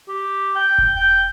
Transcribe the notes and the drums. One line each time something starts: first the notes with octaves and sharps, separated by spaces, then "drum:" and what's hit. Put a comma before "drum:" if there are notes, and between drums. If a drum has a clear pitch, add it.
G4
G5
drum: kick E1
G5